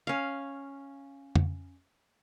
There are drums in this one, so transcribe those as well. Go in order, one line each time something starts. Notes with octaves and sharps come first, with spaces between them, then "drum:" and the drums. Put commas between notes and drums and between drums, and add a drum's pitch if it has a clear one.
C#4 F5
drum: tom F2